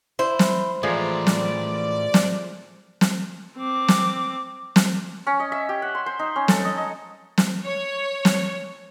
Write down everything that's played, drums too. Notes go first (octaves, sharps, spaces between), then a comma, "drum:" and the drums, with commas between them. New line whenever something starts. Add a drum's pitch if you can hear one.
E4 C5
drum: snare
A2 E3 F3 G#3 A3 D5 A#5
drum: snare
drum: snare
drum: snare
C4 D6
drum: snare
drum: snare
C#4
D#5
E5
G4
F#5
C6
C5
D#4
C#4
A4, drum: snare
D#5
D#5
drum: snare
C#5
drum: snare